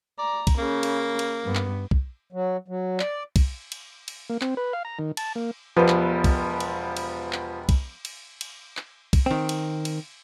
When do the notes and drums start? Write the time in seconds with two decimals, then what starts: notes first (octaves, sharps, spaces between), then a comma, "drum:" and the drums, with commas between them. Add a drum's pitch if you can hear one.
0.18 D5 A#5
0.47 drum: kick, cymbal
0.58 C#3 A#3
0.83 drum: cymbal
1.19 drum: cymbal
1.44 G2 B3
1.55 drum: clap
1.91 drum: kick
2.33 F#3
2.68 F#3
3.00 D5, drum: clap
3.36 drum: kick, cymbal
3.72 drum: cymbal
4.08 drum: cymbal
4.30 A#3
4.41 C4, drum: clap
4.57 B4
4.73 F5
4.85 A#5
4.99 D#3
5.17 A5, drum: cymbal
5.35 A#3
5.77 E1 F3 B3 G4 B4 C5
5.88 drum: clap
6.24 drum: kick, cymbal
6.60 drum: cymbal
6.97 drum: cymbal
7.33 drum: clap
7.69 drum: kick, cymbal
8.05 drum: cymbal
8.41 drum: cymbal
8.77 drum: clap
9.13 drum: kick, cymbal
9.26 D#3 C4
9.49 drum: cymbal
9.85 drum: cymbal